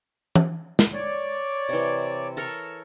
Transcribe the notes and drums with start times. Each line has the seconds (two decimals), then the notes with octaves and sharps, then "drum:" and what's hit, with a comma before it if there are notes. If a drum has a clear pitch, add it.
0.36 drum: tom
0.79 drum: snare
0.94 C#5 D5
1.69 C3 E3
2.37 A4 A#4 C#5